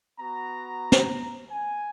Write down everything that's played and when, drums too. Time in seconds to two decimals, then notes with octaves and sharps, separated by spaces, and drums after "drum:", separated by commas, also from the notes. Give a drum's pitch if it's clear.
0.20 B3 F#4 A#5
0.92 drum: snare
1.51 G#5